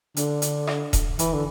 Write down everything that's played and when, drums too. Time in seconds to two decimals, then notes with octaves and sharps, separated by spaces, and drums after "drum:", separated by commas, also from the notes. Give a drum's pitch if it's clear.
0.17 D3, drum: hi-hat
0.42 drum: hi-hat
0.67 drum: rim click
0.93 drum: kick D#1, hi-hat
1.19 E3, drum: hi-hat
1.34 D3